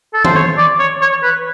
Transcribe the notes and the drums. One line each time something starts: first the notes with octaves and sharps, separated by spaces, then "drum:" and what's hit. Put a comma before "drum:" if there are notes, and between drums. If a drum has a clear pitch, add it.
A4
C5, drum: tom D#3
C#5
D5
C#5
C#5
B4